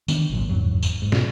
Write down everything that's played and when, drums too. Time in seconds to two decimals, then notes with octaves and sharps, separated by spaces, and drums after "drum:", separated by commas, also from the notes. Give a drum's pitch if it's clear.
0.08 D#3 B3 D4, drum: tambourine
0.29 G#1 C#2 A#2 F#3
0.49 F#1 E2 G#2 F#3
0.83 drum: tambourine
1.02 G#2
1.12 drum: snare